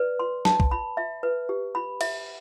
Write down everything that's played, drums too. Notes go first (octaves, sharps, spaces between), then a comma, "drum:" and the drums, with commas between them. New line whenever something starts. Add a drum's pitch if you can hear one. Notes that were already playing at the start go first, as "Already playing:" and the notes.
Already playing: B4 D5
C6
A5, drum: snare
drum: kick C2
B5
E5
B4
G4
B5
E5, drum: cymbal